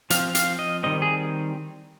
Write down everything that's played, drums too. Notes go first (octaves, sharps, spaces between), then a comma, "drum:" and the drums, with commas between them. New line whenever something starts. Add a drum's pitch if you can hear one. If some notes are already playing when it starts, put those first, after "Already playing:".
F3 C4 F5, drum: hi-hat
F5, drum: hi-hat
D#5
D#3 G3 C4 D#5
G#4